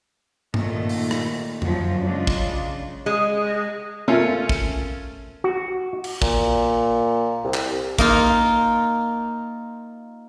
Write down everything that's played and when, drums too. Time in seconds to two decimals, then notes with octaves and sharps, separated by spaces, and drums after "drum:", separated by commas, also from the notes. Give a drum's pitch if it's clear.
0.54 A#2 D#3 A3, drum: tom G2
0.89 drum: open hi-hat
1.11 drum: rim click
1.62 F#2 F3 F#3, drum: tom F2
2.05 C#3 G#3 D4 F4
2.27 drum: kick
3.06 G#3
4.08 A3 A#3 C#4 F4 A4 G#5
4.49 drum: kick
5.44 F#4
6.04 drum: cymbal
6.22 A#2, drum: kick
7.44 C2
7.54 drum: clap
7.98 A#3 D#4 F4, drum: kick